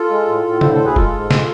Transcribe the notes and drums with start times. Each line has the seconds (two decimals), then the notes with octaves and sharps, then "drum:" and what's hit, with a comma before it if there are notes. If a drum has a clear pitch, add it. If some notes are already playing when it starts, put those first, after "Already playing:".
Already playing: F4 A4
0.10 G#3
0.28 A2
0.45 A2
0.61 D3 A4 C5, drum: tom C3
0.74 A4 C5
0.80 D2
0.85 G#4 B4
0.96 G#3 F4 A4, drum: kick F1
1.14 G#2
1.31 G#3, drum: snare